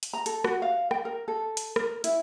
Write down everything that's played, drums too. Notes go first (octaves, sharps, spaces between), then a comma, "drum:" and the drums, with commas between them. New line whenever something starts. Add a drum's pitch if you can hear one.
drum: hi-hat
A#5
A4, drum: hi-hat
F#4, drum: rim click
F5
G5, drum: rim click
A#4
A4
drum: hi-hat
A#4, drum: rim click
E4, drum: hi-hat